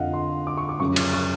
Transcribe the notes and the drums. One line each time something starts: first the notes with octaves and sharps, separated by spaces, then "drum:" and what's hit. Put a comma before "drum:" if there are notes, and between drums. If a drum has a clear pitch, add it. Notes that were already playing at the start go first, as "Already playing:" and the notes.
Already playing: F2 D3 F3 D#5 F5 F#5
C6
D6
C#6
D6
F#2 C#3 F3 C#6
D6, drum: cymbal
C#6